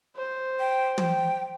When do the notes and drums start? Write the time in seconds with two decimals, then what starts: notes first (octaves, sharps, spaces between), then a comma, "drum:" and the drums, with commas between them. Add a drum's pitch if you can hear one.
0.16 C5
0.60 G5
0.98 G5, drum: tom